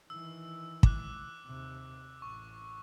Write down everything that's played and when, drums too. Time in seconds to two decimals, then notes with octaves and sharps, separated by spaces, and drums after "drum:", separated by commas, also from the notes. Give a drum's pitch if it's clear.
0.10 D#3 E3 E6
0.83 D6 F#6, drum: kick
1.46 D#2 C3
2.22 A1 C#6